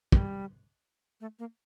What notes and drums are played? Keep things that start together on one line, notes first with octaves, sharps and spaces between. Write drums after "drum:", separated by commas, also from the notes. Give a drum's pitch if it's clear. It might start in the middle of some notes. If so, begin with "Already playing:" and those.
G3, drum: kick
A3
A#3